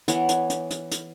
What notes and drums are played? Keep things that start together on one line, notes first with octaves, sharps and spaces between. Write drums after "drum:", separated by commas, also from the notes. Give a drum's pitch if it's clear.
E3 B3 C#5 F#5, drum: hi-hat
drum: hi-hat
drum: hi-hat
drum: hi-hat
drum: hi-hat